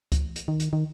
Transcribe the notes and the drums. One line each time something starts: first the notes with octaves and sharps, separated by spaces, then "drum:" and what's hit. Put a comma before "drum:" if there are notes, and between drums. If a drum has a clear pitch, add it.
drum: kick C#2, hi-hat
drum: hi-hat
D#3
drum: hi-hat
D#3